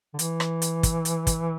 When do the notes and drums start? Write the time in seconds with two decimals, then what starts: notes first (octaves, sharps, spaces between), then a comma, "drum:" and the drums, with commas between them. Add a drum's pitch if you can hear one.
0.14 D3
0.19 E3, drum: hi-hat
0.40 drum: rim click
0.62 drum: hi-hat
0.83 drum: kick, hi-hat
1.05 drum: hi-hat
1.27 drum: kick, hi-hat